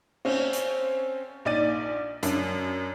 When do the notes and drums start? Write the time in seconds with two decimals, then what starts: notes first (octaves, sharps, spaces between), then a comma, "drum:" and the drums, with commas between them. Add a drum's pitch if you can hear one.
0.25 C4 C#4, drum: cymbal
0.53 drum: hi-hat
1.45 A#1 D#4 D5 A6 D#7
2.23 F#2 D4, drum: hi-hat